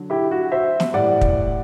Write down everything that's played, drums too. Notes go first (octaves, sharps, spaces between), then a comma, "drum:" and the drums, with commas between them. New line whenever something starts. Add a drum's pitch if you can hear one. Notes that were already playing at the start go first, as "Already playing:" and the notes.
Already playing: D3 F#3
E4 G4
F#4
C5 E5
drum: snare
A2 G3 D5 F#5
drum: kick